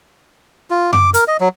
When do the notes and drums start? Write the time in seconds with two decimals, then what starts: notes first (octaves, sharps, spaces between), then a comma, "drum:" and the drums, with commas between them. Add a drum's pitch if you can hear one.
0.70 F4
0.93 D6, drum: tom F#2
1.14 A#4, drum: hi-hat
1.28 D#5
1.40 F#3